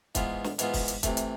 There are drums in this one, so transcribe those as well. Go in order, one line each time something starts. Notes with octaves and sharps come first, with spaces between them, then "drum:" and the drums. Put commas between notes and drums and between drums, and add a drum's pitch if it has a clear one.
G#2 E3 B3 F4, drum: kick, hi-hat
drum: snare
G#2 E3 B3 F4, drum: hi-hat
drum: kick, open hi-hat
drum: hi-hat
C3 E3 A3, drum: kick, hi-hat
drum: hi-hat